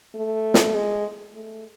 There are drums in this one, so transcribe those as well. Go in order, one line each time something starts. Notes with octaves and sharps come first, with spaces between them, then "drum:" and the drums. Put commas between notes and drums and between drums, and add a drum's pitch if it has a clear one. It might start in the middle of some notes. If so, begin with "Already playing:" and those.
A3
drum: snare
G#3
A3